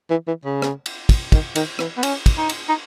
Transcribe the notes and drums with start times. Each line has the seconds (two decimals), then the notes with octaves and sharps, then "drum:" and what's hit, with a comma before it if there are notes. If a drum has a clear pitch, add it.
0.10 E3
0.27 E3
0.45 C#3
0.62 drum: rim click
0.86 drum: cymbal
1.09 drum: kick, cymbal
1.32 D#3, drum: kick, cymbal
1.56 D#3, drum: cymbal
1.79 E3, drum: rim click
1.97 B3
2.03 C#4, drum: cymbal
2.26 drum: kick, cymbal
2.38 D#4
2.49 drum: cymbal
2.69 D#4